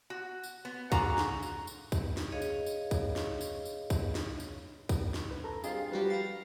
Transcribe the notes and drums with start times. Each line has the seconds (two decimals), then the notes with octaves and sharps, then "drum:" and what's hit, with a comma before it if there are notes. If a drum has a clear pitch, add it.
0.10 F#4
0.44 drum: tambourine
0.65 B3
0.92 D3 F#4 G#4 F5 A#5, drum: kick, tambourine
1.18 drum: snare
1.43 drum: tambourine
1.67 drum: tambourine
1.92 drum: kick, tambourine
2.17 drum: snare
2.32 G#4 C#5 D#5 F5
2.42 drum: tambourine
2.66 drum: tambourine
2.91 drum: kick, tambourine
3.16 drum: snare
3.41 drum: tambourine
3.66 drum: tambourine
3.90 drum: kick, tambourine
4.15 drum: snare
4.40 drum: tambourine
4.89 drum: kick, tambourine
5.14 drum: snare
5.31 B4
5.44 A4 A#5
5.64 G3 C4 D4 F4 G#4 D#5, drum: tambourine
5.92 F3 G3 F#4 G4 B4
6.10 F5 A#5 A6